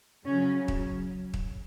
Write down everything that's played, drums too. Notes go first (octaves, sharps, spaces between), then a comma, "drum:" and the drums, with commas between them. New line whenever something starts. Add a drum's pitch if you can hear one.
C#3 F#3 C#4
drum: kick
drum: kick